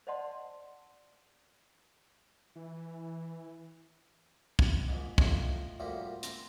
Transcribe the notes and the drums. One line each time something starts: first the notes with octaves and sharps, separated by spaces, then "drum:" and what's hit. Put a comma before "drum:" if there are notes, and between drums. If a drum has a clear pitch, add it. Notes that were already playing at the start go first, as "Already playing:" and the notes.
C5 D5 D#5 F#5 A5 C6
E3
drum: kick
A#1 G#2
A2 F3 C#5 D#5, drum: kick
F#2 A2 C3 F3 G3 A#3
C4 C5 G5 A#5, drum: hi-hat